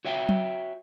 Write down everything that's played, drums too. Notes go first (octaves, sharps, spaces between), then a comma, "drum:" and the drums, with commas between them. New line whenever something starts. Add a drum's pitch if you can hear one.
F#4 C#5 E5 G5
drum: tom F#3